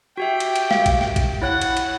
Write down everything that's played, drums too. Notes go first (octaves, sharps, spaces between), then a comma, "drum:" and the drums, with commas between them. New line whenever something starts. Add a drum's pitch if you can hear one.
F#4 G4 E5 G5
drum: cymbal
drum: cymbal
F5, drum: snare
drum: kick, cymbal
drum: snare
drum: kick, cymbal
E4 C#5 F#5 F#6
drum: cymbal
drum: cymbal